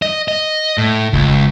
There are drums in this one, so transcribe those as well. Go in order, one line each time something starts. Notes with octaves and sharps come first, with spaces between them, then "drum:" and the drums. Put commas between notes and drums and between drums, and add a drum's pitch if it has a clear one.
D#5
D#5
A2
C#2, drum: kick F1